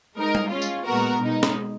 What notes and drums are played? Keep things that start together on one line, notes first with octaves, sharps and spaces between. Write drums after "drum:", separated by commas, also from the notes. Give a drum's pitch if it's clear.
G#3 D#4 A#4
drum: tom G3
G#3 C#4 F4
drum: tambourine
A#2 G#3 B3 F#4 A#4
B2 G#3 D#4
drum: snare